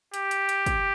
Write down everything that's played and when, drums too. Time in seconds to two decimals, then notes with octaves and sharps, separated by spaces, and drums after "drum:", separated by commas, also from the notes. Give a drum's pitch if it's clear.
0.14 G4, drum: hi-hat
0.31 drum: hi-hat
0.49 drum: hi-hat
0.66 drum: kick, hi-hat